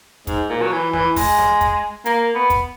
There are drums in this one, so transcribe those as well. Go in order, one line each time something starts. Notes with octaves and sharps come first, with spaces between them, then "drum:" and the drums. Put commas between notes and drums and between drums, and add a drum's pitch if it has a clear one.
G#2, drum: kick, hi-hat
A#2
F#3
E3
E3, drum: snare
G#3, drum: kick, open hi-hat
drum: snare
drum: kick, hi-hat
A#3, drum: hi-hat
B3
drum: kick, hi-hat